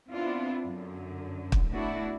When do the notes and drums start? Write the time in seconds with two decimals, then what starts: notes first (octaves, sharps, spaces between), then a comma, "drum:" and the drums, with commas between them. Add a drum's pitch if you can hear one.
0.11 B3 C4 D4 E4 F4
0.64 F#2 D3
1.52 drum: kick
1.71 A2 A3 B3 D4 E4 F#4